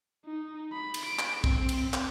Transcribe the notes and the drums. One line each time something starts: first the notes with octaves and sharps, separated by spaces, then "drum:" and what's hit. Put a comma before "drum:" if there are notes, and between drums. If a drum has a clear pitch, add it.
D#4
B5
drum: cymbal
D7
drum: clap
C4, drum: kick
drum: cymbal
drum: clap